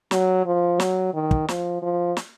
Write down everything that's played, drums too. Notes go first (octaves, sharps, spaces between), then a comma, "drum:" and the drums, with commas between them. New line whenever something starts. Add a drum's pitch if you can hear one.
F#3, drum: snare
F3
F#3, drum: snare
D#3
drum: kick
F3, drum: snare
F3
drum: snare